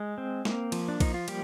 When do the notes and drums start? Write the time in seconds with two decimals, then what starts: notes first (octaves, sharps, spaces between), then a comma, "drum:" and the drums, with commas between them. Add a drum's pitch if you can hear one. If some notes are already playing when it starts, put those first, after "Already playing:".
Already playing: G#3
0.18 C4
0.45 A#3, drum: snare
0.72 F3, drum: cymbal
0.88 D4
1.00 F3 D#4, drum: kick A#1, cymbal
1.14 F4
1.28 G3 A#3 G4, drum: cymbal